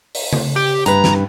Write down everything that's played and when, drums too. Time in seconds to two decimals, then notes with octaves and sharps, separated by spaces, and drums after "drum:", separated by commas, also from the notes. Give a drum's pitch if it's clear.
0.15 drum: open hi-hat
0.33 drum: tom C#3
0.56 G4
0.86 G2 B4 A#5, drum: hi-hat
1.04 drum: snare